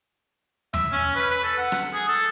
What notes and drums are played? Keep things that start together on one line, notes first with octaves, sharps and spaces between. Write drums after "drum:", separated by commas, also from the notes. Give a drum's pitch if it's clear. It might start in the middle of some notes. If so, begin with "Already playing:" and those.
E5, drum: tom E2
C#4
B4
B4
A4
F#5
drum: rim click
G#4
A4